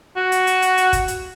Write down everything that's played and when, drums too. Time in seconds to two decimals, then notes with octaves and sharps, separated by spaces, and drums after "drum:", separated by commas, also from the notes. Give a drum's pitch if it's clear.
0.17 F#4
0.32 drum: hi-hat
0.47 drum: hi-hat
0.62 drum: hi-hat
0.77 drum: hi-hat
0.93 drum: kick, hi-hat
1.08 drum: hi-hat